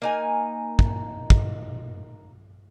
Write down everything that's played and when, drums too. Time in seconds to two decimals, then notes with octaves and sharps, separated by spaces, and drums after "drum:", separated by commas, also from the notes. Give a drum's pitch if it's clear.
0.02 A#3 D#4 G#5
0.79 drum: kick
1.30 drum: kick